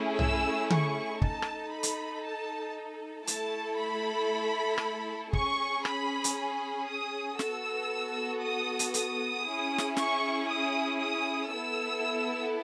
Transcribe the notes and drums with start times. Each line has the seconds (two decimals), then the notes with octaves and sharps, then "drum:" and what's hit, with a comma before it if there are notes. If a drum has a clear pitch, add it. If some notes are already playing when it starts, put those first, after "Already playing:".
Already playing: A3 C#4 E4 G#4
0.19 E6, drum: tom B1
0.70 C#6, drum: tom D3
1.22 D#4 A4 A5, drum: kick
1.42 drum: rim click
1.74 B5
1.83 drum: hi-hat
2.25 A5
3.27 A3 E4 A4 A5, drum: hi-hat
3.79 B5
4.78 drum: rim click
5.33 C#4 G#4 C#6, drum: kick
5.85 B5, drum: rim click
6.24 drum: hi-hat
6.36 B5
6.88 D#6
7.39 B3 F#4 A4 E6, drum: snare
8.42 D#6
8.79 drum: hi-hat
8.94 D#6, drum: hi-hat
9.45 C#4 E4 G#4
9.78 drum: snare
9.97 C#6, drum: snare
10.48 D#6
10.99 D#6
11.51 B3 E4 A4 E6